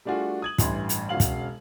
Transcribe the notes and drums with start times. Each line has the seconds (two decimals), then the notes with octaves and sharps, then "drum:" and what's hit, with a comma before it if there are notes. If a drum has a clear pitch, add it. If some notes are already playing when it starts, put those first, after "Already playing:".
0.05 G3 A3 D4 F4 F#4 G#4
0.42 D#6 G#6 F#7
0.58 A1 G2 E3 C6, drum: kick, hi-hat
0.89 drum: hi-hat
1.09 E1 C#3 F#4 F5 F#7
1.20 drum: kick, hi-hat